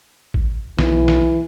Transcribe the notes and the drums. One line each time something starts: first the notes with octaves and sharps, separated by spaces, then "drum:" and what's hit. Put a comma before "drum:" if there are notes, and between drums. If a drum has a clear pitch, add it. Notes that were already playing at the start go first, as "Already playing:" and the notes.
drum: kick G#1
B1 E3, drum: snare
drum: snare